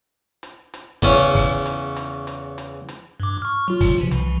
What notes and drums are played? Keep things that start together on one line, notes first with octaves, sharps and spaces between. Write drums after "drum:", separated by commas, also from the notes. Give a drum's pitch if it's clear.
drum: hi-hat
drum: hi-hat
E2 C#3 C#4, drum: kick, hi-hat
drum: kick, open hi-hat
drum: hi-hat
drum: hi-hat
drum: hi-hat
drum: hi-hat
drum: hi-hat
G2 D6
C#6 F6
F#3 F4
drum: kick, open hi-hat
C3 E3 F3
C2 E3, drum: hi-hat